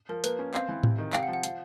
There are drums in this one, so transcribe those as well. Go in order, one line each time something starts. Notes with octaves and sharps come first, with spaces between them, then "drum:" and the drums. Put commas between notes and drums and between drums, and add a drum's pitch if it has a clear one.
F3 A#4
A#3 B4, drum: hi-hat
C#4
C4 F5, drum: clap
E3
C3, drum: tom A2
D#3
C3 F5 G5, drum: clap
F#5
F3
F#5
F3 F5, drum: hi-hat